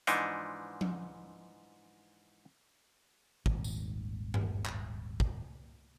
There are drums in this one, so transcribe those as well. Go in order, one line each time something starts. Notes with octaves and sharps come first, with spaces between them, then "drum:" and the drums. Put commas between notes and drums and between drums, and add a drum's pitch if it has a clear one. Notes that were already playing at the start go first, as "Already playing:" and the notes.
G#2 E3 F3 D4 D#4, drum: hi-hat
drum: tom F3
D#1 G#1, drum: kick
drum: tambourine
drum: tom G2
drum: clap
drum: kick